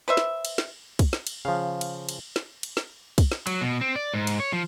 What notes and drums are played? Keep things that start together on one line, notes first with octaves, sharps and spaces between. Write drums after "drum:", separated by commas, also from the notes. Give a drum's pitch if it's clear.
B4 C5 E5
drum: snare
drum: cymbal
drum: snare
drum: kick, cymbal
drum: snare
drum: cymbal
C#3 F3 F5
drum: cymbal
drum: cymbal
drum: snare
drum: cymbal
drum: snare
drum: kick, cymbal
drum: snare
F#3, drum: cymbal
B2
C4
D5
G#2
drum: cymbal
C#5
F3